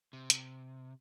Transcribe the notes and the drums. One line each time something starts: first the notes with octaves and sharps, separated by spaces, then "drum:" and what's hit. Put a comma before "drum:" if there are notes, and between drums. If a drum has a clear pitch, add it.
C3
drum: hi-hat